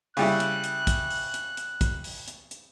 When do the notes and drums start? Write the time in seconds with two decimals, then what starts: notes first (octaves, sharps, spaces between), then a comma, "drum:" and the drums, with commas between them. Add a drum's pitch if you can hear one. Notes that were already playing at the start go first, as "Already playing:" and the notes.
0.17 C#3 G3 E4 F#6, drum: open hi-hat
0.40 drum: hi-hat
0.64 drum: hi-hat
0.87 drum: kick, hi-hat
1.11 drum: open hi-hat
1.34 drum: hi-hat
1.57 drum: hi-hat
1.81 drum: kick, hi-hat
2.04 drum: open hi-hat
2.28 drum: hi-hat
2.51 drum: hi-hat